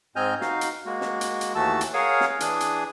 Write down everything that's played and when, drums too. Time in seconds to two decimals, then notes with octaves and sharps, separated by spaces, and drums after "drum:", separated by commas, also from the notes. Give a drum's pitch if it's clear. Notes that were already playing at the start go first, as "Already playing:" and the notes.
0.16 G#2 C4 D#5 G#5 F6 G6
0.41 D#4 F#4 F5, drum: snare
0.61 drum: hi-hat
0.86 G#3 A#3 F#4
1.01 drum: snare
1.21 drum: hi-hat
1.41 drum: hi-hat
1.55 D#2 E3 A3 F#4 A5 E6
1.81 drum: hi-hat
1.94 G#4 A#4 C#5 F5 F#5 G#5
2.21 drum: snare
2.40 E3 D4 G#4 D#6, drum: hi-hat
2.60 drum: hi-hat